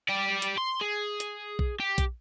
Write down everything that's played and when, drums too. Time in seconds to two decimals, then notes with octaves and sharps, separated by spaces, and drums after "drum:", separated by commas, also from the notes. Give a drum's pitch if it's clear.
0.09 G4 D5
0.42 drum: hi-hat
0.58 C6
0.81 G#4
1.20 drum: hi-hat
1.59 drum: kick
1.80 G4
1.98 drum: kick, hi-hat